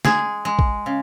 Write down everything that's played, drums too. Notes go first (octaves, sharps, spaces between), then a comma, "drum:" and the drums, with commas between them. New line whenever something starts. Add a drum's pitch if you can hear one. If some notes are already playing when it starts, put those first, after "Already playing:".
G#3 G#4, drum: snare
G#3
drum: kick A1
C#3